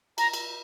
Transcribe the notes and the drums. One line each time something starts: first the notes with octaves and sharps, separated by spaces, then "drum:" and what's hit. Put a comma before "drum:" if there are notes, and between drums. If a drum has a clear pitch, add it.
A#5, drum: cymbal
drum: cymbal